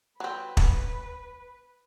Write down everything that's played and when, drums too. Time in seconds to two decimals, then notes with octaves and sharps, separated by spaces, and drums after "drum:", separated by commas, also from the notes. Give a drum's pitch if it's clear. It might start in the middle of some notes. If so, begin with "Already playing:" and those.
0.20 F#3 C4 B4
0.57 drum: kick